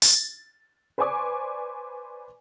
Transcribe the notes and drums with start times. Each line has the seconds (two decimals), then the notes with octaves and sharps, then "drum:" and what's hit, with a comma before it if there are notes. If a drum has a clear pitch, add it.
0.02 A6, drum: open hi-hat
0.98 B4 C5 D5 G#5 C#6 D6